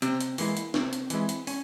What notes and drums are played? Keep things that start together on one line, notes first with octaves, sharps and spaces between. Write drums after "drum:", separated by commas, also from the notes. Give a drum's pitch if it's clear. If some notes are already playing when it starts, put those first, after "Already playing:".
C3 C4, drum: hi-hat
drum: hi-hat
E3 G#3 A#3 E4, drum: open hi-hat
drum: hi-hat
C3 C4, drum: snare
drum: hi-hat
E3 G#3 E4, drum: hi-hat
drum: hi-hat
C#4, drum: open hi-hat